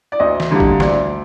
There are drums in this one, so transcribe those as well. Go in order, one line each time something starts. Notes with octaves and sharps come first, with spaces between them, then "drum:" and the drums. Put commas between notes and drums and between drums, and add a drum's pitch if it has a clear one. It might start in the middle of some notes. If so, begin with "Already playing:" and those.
D5
D2 D#5
drum: snare
D3 G3 A#3
drum: kick
D2 D5, drum: snare